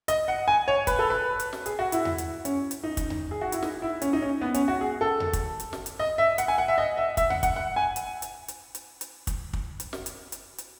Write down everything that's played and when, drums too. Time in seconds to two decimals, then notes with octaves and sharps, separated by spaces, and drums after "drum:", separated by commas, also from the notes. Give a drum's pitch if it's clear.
0.08 D#5, drum: hi-hat
0.28 F#5
0.48 G#5
0.68 C#5
0.87 B4, drum: kick, hi-hat
0.99 A4
1.10 B4
1.40 drum: hi-hat
1.53 drum: snare
1.66 G#4, drum: hi-hat
1.79 F#4
1.92 E4, drum: hi-hat
2.05 drum: tom E2
2.18 drum: hi-hat
2.45 C#4, drum: hi-hat
2.71 drum: hi-hat
2.84 D#4
2.97 drum: kick, hi-hat
3.10 drum: tom E2
3.31 G#4
3.41 F#4
3.52 E4, drum: hi-hat
3.63 D#4, drum: snare
3.82 E4
4.02 C#4, drum: hi-hat
4.13 D#4
4.22 C#4
4.41 B3
4.54 C#4, drum: hi-hat
4.68 F#4
4.81 G#4
5.01 A4
5.20 drum: tom E2
5.33 drum: kick, hi-hat
5.60 drum: hi-hat
5.73 drum: snare
5.86 drum: hi-hat
6.00 D#5
6.18 E5
6.38 F#5, drum: hi-hat
6.48 G#5
6.58 F#5
6.68 E5
6.78 D#5
6.97 E5
7.17 E5, drum: kick, hi-hat
7.30 F#5, drum: tom E2
7.43 F#5, drum: kick, hi-hat
7.56 F#5
7.76 G#5
7.96 drum: hi-hat
8.22 drum: hi-hat
8.48 drum: hi-hat
8.75 drum: hi-hat
9.01 drum: hi-hat
9.27 drum: kick, hi-hat
9.53 drum: kick
9.80 drum: hi-hat
9.93 drum: snare
10.06 drum: hi-hat
10.32 drum: hi-hat
10.58 drum: hi-hat